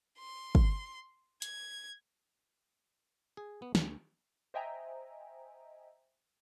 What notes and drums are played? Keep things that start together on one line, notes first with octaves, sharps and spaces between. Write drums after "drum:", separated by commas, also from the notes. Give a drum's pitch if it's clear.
C6
drum: kick
G#6, drum: hi-hat
G#4
B3
D2, drum: snare
C5 D#5 E5 G5 G#5 A#5